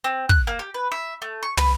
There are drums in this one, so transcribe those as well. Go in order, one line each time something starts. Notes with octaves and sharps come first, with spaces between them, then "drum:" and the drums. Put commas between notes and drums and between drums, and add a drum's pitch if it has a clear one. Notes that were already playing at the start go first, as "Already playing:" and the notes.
C4
F#6, drum: kick
A#3
G4
B4
E5
A3
C#6
B4, drum: tom